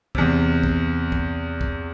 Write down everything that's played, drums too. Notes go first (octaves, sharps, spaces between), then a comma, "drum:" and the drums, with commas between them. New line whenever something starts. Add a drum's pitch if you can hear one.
E2 C3, drum: kick
drum: kick
drum: kick
drum: kick